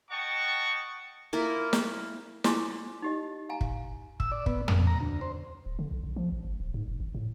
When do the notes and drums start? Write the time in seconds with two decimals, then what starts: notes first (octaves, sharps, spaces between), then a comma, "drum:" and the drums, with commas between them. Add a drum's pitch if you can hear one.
0.11 D#5 F#5 G5 A5 C#6
1.33 A#3 E4 F4 A#4
1.73 drum: snare
2.44 E4 F4 G#5 C6 D6, drum: snare
3.02 D#4 G4 D#5
3.49 F5 G#5 A#5
3.61 drum: kick
4.20 E6, drum: kick
4.32 D5
4.46 B3, drum: kick
4.68 A#2, drum: tom
4.87 A#5
5.00 D2
5.21 C5
5.66 D1
5.79 D3
5.91 B1
6.04 A#1
6.16 F3
6.32 A1
6.45 G1
6.60 D1
6.74 G#2
6.88 F1
7.00 G#1
7.15 A2